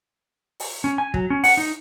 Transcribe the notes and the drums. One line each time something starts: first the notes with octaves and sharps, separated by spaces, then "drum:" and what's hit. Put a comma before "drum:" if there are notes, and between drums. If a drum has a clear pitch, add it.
drum: open hi-hat
C#4
G#5
F#3, drum: kick
C#4
F#5, drum: open hi-hat
D#4